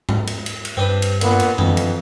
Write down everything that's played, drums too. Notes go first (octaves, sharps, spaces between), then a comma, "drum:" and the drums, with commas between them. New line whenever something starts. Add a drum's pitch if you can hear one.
drum: tom G#2
drum: cymbal
drum: cymbal
drum: cymbal
G2 C4 D4 B4
drum: cymbal
A#2 D3 A#3 B3, drum: cymbal
drum: cymbal
F2 E3 B3, drum: tom F#2
drum: cymbal